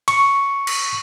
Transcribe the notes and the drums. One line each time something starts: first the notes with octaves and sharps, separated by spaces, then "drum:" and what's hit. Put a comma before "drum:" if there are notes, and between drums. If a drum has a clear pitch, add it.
C#6, drum: cymbal
drum: cymbal